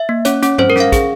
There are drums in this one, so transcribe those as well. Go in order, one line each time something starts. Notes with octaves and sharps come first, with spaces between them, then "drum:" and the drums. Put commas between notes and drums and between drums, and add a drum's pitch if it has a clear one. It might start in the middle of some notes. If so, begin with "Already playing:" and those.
Already playing: E5
A#3
C#4 C#5, drum: hi-hat
C#4, drum: hi-hat
C#4 C5, drum: tom G2
A#4
C#4 F5, drum: snare
G#4, drum: kick, hi-hat